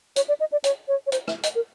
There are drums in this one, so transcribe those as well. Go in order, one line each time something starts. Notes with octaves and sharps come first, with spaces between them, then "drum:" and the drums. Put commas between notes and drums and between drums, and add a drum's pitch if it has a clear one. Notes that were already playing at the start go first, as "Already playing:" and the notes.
C#5, drum: hi-hat
D5
D#5
D5
C#5, drum: hi-hat
C#5
C#5
C5, drum: hi-hat
E5, drum: rim click
D#5, drum: hi-hat
A#4